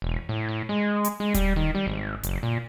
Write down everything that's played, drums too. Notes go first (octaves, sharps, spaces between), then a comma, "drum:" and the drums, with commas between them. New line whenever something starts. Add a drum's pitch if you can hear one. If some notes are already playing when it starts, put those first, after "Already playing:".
E1
A2
A2
G#3
drum: hi-hat
G#3
G3, drum: kick D#1, hi-hat
D#3
G3
G#1
F#1, drum: hi-hat
A#2